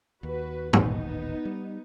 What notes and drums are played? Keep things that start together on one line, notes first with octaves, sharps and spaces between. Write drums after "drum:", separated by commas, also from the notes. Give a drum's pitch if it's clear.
D#2 F#4 B4
D#1 A1 D#2 B3 D#4, drum: tom
G3